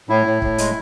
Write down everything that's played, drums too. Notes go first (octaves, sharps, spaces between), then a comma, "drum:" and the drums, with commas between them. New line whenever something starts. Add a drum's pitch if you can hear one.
A2 E4
A2
A2, drum: kick
G#3, drum: hi-hat